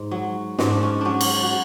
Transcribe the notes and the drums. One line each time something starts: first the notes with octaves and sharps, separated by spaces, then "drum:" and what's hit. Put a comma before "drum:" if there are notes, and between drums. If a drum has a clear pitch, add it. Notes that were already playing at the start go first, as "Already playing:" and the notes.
Already playing: G#2
F#3
G#2 C#4, drum: snare
D4
C#4
F#3 C#4 D4
drum: cymbal
F#4